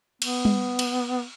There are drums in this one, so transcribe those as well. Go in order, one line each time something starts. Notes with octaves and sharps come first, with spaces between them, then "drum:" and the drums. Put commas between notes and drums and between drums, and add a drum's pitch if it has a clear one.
B3, drum: cymbal
drum: tom G3
drum: cymbal